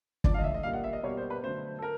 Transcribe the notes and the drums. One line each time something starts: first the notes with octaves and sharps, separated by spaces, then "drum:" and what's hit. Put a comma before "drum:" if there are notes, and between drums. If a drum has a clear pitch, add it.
D3 F3 A3 D5, drum: kick F#1
F5
D#5
E5
D#5
A#2 G3 A#3 F5
F#5
E5
D#5
B2 G3 A#3 C#5
C5
B4
D3 F#3 A3 C5
A4
A#4